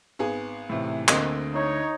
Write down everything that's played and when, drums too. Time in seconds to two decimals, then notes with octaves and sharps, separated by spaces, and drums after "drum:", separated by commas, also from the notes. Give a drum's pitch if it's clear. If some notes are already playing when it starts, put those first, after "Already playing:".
0.19 G#1 B3 G#4
0.70 A2 C3 E3
1.08 D2 D3 A#3 C4 D#5, drum: clap
1.54 D#4 C#5